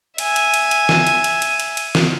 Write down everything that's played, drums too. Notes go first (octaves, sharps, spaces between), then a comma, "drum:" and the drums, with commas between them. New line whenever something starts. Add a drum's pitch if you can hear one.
E5 G#5, drum: cymbal
drum: cymbal
drum: cymbal
drum: cymbal
drum: snare
drum: cymbal
drum: cymbal
drum: cymbal
drum: cymbal
drum: cymbal
drum: snare